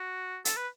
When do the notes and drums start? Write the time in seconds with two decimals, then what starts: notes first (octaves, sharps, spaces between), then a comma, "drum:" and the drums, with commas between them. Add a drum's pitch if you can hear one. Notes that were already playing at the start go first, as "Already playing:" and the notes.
Already playing: F#4
0.45 A4, drum: hi-hat
0.56 B4